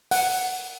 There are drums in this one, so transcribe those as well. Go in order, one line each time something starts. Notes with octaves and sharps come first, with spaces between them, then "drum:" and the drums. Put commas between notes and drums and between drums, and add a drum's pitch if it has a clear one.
F#5, drum: open hi-hat